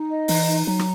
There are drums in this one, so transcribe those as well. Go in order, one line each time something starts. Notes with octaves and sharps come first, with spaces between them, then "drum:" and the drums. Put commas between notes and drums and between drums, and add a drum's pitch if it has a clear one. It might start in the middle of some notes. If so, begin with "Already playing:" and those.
Already playing: D#4
D#5
E3 A#5, drum: open hi-hat
D#4
F#3 A#5
drum: rim click